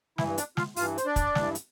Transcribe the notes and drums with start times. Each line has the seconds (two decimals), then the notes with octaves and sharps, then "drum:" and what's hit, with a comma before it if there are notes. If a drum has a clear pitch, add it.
0.18 G2 E3 E4, drum: snare
0.38 D4 D5, drum: hi-hat
0.57 F4 F5, drum: snare
0.76 G2 E3 F4 F5, drum: open hi-hat
0.98 C5, drum: hi-hat
1.06 D4 D5
1.16 drum: kick, hi-hat
1.35 G2 E3, drum: snare
1.55 drum: hi-hat